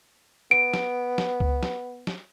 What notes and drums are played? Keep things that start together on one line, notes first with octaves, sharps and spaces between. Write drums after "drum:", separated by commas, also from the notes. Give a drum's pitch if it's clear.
B3 D7
drum: snare
drum: snare
drum: kick C#2
drum: snare
drum: snare